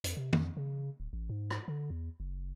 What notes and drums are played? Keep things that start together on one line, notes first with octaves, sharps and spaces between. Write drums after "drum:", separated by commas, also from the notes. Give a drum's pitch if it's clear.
F2, drum: hi-hat
C3
F2, drum: tom
C#3
D1
A1
G#2
drum: rim click
D3
E2
F#1